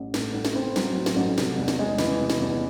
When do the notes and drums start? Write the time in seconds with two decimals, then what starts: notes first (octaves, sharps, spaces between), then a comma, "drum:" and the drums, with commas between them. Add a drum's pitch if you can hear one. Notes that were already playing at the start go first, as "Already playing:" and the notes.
Already playing: A1
0.14 A2, drum: snare
0.34 A1
0.45 drum: snare
0.55 C4
0.76 F#3, drum: snare
0.95 A2
1.06 drum: snare
1.16 A1
1.38 C3, drum: snare
1.58 E2
1.68 drum: snare
1.79 G#3
1.98 E3, drum: snare
2.19 C3
2.30 drum: snare
2.40 E2